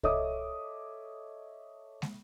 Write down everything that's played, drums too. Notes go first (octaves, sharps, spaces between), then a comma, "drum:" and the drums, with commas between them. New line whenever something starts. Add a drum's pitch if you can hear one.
A4 C#5 D#5 E5 D6 D#6, drum: kick C2
drum: snare